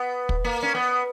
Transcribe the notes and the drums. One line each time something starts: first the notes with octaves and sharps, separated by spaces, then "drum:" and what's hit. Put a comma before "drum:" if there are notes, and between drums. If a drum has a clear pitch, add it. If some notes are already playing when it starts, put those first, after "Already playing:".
Already playing: B3
drum: kick
A#3
C#4
B3